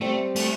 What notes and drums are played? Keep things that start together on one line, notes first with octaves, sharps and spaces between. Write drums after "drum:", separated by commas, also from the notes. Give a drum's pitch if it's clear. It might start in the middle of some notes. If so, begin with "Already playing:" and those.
G3 A3 C4 G4
A3, drum: cymbal